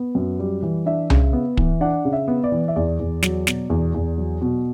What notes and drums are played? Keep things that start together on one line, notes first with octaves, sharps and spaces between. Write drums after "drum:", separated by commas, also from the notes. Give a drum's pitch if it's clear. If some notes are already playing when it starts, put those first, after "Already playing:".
Already playing: B3
F#2
G3
E3
D4 E5
C#3, drum: tom C2
B3
E3, drum: kick
D4 F#5
C#3
E5
B3
D5
E3
E5
E2 D5
E2
F#3, drum: snare
B2, drum: snare
E2
E2
F#3
B2